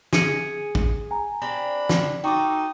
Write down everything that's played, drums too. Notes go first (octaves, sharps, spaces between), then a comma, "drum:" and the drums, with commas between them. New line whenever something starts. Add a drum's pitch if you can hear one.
G#4 C#7 D#7, drum: snare
drum: kick A1
G#5 A#5
C4 D4 G4 B5
drum: snare
D#4 F#4 A4 G5 C#6 D6